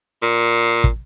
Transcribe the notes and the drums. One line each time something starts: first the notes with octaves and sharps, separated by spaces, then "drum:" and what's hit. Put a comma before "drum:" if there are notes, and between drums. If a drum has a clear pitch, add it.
A#2
drum: kick